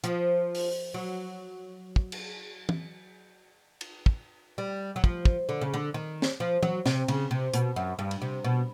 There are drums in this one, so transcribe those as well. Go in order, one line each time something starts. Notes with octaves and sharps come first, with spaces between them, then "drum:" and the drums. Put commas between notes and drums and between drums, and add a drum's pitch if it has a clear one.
F3, drum: hi-hat
drum: open hi-hat
F#3
drum: kick
drum: cymbal
drum: tom
drum: cymbal
drum: kick
G3
F#3
F3, drum: kick
drum: kick
D3
C#3
D3
D#3
drum: snare
F3
F#3, drum: tom
C3, drum: snare
C#3, drum: cymbal
C3
B2, drum: hi-hat
F#2
G2
drum: cymbal
C3
B2